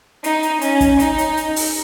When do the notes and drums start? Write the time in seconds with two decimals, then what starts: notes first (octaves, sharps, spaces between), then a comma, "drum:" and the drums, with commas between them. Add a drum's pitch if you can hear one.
0.24 D#4, drum: hi-hat
0.43 drum: hi-hat
0.61 C#4, drum: hi-hat
0.81 drum: kick, hi-hat
1.00 D#4, drum: hi-hat
1.18 drum: hi-hat
1.37 drum: hi-hat
1.56 drum: open hi-hat